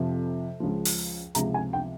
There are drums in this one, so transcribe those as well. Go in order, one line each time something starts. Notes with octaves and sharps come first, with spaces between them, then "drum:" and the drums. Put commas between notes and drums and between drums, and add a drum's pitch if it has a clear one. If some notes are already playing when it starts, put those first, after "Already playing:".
Already playing: F2 C3 F3
C#2 C#3 F3
drum: open hi-hat
C#2 C3 F3 A#5, drum: hi-hat
G#5
G5